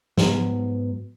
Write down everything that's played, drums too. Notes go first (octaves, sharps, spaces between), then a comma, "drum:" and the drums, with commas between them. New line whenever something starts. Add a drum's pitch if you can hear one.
G#2 F#3 B3, drum: snare